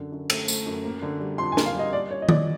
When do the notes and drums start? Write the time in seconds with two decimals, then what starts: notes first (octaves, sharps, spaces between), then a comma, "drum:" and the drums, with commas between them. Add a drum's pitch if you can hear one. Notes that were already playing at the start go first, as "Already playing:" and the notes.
Already playing: F#2 D3
0.12 F#2
0.30 A3, drum: cymbal
0.48 A3, drum: tambourine
0.66 F#2
0.85 A#3
1.02 D3
1.20 G3
1.38 F2 C6
1.52 G#5
1.57 A#3, drum: snare
1.66 F5
1.75 G3 D#5
1.93 A#3 D5
2.11 C#4 C#5
2.22 D#5
2.29 A#2 D5, drum: tom D#3